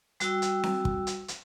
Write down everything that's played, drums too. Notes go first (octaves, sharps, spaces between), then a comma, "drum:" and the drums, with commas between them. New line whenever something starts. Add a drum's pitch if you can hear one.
G3 F#4 G5 E6, drum: hi-hat
drum: hi-hat
drum: snare C4
drum: kick
drum: hi-hat
drum: hi-hat